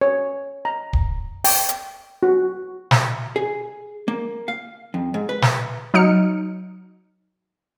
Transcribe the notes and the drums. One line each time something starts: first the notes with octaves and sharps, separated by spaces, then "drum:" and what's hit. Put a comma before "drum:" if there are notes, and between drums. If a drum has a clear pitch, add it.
C#5
A#5
drum: kick
G5, drum: open hi-hat
drum: hi-hat
F#4
drum: snare
G#4
A#3
F5
F2
G#2
B4
drum: snare
F#3 D#4 F6 C#7